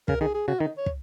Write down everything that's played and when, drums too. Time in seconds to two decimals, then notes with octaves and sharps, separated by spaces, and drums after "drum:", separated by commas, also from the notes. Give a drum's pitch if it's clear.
0.08 C#3 A#4, drum: kick
0.21 D#3 G#4
0.34 G#4
0.48 C#3 F#4
0.60 D#3 D#4
0.77 C#5
0.86 drum: kick